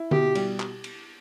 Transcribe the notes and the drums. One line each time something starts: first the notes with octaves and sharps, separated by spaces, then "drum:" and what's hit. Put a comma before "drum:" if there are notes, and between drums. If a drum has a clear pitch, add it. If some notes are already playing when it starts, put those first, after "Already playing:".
Already playing: E4
B2 G4, drum: tom D3
G3, drum: cymbal
drum: clap
drum: cymbal